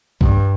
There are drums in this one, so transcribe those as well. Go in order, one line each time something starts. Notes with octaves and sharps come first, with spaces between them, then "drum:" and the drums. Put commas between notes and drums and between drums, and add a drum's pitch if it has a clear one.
G2, drum: kick A#1